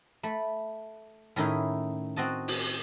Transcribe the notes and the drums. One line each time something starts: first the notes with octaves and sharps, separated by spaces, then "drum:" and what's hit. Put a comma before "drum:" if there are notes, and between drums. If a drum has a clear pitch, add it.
A3 B5
A2 D#3 C#4 D#4 E4 G#4
C4 F#4 D#5 A5
drum: open hi-hat